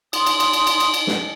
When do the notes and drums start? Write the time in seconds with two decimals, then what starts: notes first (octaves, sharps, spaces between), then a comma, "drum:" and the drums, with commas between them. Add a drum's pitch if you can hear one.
0.13 C6 D#6, drum: cymbal
0.27 drum: cymbal
0.40 drum: cymbal
0.53 drum: cymbal
0.67 drum: cymbal
0.80 drum: cymbal
0.94 drum: cymbal
1.07 drum: snare